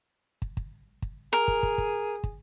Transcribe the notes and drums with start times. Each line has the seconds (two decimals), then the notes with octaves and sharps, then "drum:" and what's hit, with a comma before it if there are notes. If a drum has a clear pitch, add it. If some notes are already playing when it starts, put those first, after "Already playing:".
0.42 drum: kick
0.57 drum: kick
1.02 drum: kick
1.33 G#4 A#4
1.48 drum: kick
1.63 drum: kick
1.78 drum: kick
2.24 drum: kick